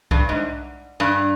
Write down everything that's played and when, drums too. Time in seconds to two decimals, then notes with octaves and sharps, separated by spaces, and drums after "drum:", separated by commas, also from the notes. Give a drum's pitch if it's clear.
0.11 G2, drum: kick B1
0.29 G#2
1.00 G2